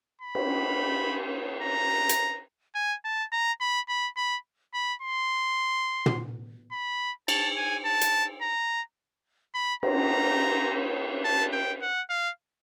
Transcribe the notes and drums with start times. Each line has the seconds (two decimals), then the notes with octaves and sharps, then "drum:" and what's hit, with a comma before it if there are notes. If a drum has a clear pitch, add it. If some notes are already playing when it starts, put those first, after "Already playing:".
0.22 B5
0.35 drum: cymbal
1.63 A#5
2.09 drum: hi-hat
2.75 G#5
3.05 A5
3.32 A#5
3.61 B5
3.89 B5
4.17 B5
4.74 B5
5.02 C6
6.06 drum: tom
6.72 B5
7.28 A5, drum: cymbal
7.57 G#5
7.85 A5
8.01 drum: hi-hat
8.42 A#5
9.54 B5
9.83 A#5, drum: cymbal
11.25 A5
11.53 G5
11.81 F#5
12.10 F5